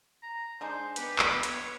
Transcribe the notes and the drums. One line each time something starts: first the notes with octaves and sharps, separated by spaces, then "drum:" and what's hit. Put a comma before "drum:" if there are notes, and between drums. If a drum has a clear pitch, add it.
A#5
D3 G#3 D#4 C5
B3 G4 B4, drum: hi-hat
drum: clap
C#5, drum: hi-hat